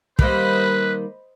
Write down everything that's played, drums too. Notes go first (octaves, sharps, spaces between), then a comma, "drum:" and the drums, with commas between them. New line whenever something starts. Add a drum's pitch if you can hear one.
D#3 G3 A#3 B4 C5 D#5 B5, drum: kick